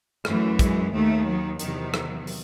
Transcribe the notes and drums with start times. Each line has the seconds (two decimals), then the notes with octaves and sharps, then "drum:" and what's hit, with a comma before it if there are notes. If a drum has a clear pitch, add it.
0.25 F#2 E3 A3, drum: rim click
0.59 G#3, drum: kick, hi-hat
0.93 D#2 D#3 A3
1.26 F#3
1.59 E2 C3 D#3 F#3, drum: hi-hat
1.94 drum: rim click
2.27 drum: open hi-hat